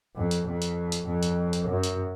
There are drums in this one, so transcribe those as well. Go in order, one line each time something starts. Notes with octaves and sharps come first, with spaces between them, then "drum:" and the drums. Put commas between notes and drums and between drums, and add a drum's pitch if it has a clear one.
F2
drum: hi-hat
F2
drum: hi-hat
drum: hi-hat
F2
drum: hi-hat
drum: hi-hat
F#2
drum: hi-hat